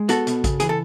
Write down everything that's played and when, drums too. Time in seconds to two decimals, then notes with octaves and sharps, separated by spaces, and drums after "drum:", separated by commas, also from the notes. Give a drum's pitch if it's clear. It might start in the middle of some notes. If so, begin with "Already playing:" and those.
Already playing: G#3
0.09 B3 F#4 A4, drum: hi-hat
0.27 B2, drum: hi-hat
0.44 C#3, drum: kick A1, hi-hat
0.60 E3 G#4, drum: hi-hat
0.69 A4